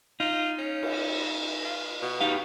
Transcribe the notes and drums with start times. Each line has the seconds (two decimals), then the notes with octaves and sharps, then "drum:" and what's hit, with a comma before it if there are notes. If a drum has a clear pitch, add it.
0.20 D#4 F4
0.59 C#4
0.83 drum: cymbal
1.65 F4
2.02 B2
2.21 D#4 G4 F5